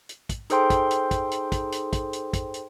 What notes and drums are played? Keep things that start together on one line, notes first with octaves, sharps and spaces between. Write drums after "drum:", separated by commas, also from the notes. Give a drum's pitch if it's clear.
drum: hi-hat
drum: kick, hi-hat
D#4 G#4 A4 C5 G5 C6, drum: hi-hat
drum: kick, hi-hat
drum: hi-hat
drum: kick, hi-hat
drum: hi-hat
drum: kick, hi-hat
drum: hi-hat
drum: kick, hi-hat
drum: hi-hat
drum: kick, hi-hat
drum: hi-hat